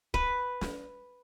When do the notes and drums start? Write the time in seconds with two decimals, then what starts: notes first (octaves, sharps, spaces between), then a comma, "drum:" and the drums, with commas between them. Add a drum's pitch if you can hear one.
0.14 B4, drum: kick
0.61 drum: snare